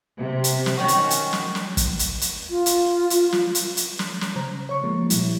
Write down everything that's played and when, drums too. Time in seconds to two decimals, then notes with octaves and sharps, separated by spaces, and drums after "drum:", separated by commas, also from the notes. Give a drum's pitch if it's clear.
0.18 C3
0.44 drum: hi-hat
0.66 drum: snare
0.77 D#3 C#4 F#4
0.88 drum: hi-hat
1.10 drum: hi-hat
1.33 drum: snare
1.55 drum: snare
1.77 drum: kick, hi-hat
1.99 drum: hi-hat
2.21 drum: hi-hat
2.50 F4
2.66 drum: hi-hat
3.10 drum: hi-hat
3.32 drum: snare
3.55 drum: hi-hat
3.77 drum: hi-hat
3.99 drum: snare
4.21 drum: snare
4.36 C#3 C5 A#5
4.69 C#5 C#6
4.84 F3 G#3 A#3
5.10 A#2 F3 G3 E4, drum: hi-hat